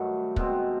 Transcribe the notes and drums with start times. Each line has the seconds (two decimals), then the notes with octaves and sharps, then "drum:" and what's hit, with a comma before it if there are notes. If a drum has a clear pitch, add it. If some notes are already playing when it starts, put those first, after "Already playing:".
Already playing: G2 D#3 F#3 A3
0.36 B2 G#3 C4, drum: kick